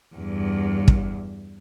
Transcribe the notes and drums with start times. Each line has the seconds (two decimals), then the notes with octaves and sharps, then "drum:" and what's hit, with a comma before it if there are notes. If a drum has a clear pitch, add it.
0.15 E2 G2
0.88 drum: kick